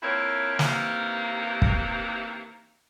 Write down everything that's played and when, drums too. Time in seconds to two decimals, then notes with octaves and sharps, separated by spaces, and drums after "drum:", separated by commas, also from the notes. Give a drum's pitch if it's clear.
0.03 F2 A#3 C4 E4 A#4 C#5
0.59 C3 D#3 E3 A#3, drum: snare
1.62 drum: kick